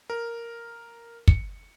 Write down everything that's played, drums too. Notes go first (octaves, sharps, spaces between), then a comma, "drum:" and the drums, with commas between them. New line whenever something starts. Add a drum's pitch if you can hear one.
A#4
C#7, drum: kick